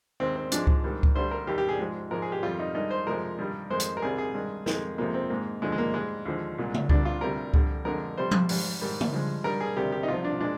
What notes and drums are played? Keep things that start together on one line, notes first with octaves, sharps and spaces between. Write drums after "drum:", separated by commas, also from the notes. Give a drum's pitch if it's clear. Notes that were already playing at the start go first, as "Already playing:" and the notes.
D#2 D#3 G#3 C4
C4
G#2 F3 G#3 D4, drum: hi-hat
drum: kick C#2
G#2 D#3 G3
drum: kick C#2
D2 D3 G3 C5
A#4
D#2 D#3 G3 G4
G4
G#4
G#2 F3 G#3
G#2 F3 G#3 A#4
G#4
G4
F2 D#3 G3 F4
D#4
G2 D#3 G#3 D#4
C5
F2 C3 F3 G#3 A#4
G2 D#3 G3
F2 D#3 G#3 C5
drum: hi-hat
A#4
C2 C3 D#3 G3 G#4
G#4
G2 D#3 G#3
F2 D#3 G#3, drum: snare
F2 C3 F3 G#3 A#3
C4
G#2 D#3 G#3 A#3
D#2 D3 F3 G#3
G#3
A#3
G#2 G3 G#3
D#2 D3 F3 G#3
C2 A#2 G#3
drum: tom C#3
C2 A#2 G3 D4, drum: kick C#2
F4
D2 C3 G3 A#4
F2 D3 G3, drum: kick C#2
F2 D3 G#3 A#4
F2 C3 G3 C5
drum: tom F3
G#2 G3, drum: open hi-hat
G#2 D#3 G3
drum: tom C#3
G2 F3 G#3
G2 D#3 G3 A#4
G#4
D2 C3 D#3 G3 G4
G4
D#4
C2 C3 F3 F4
D4
A#2 G#3 D4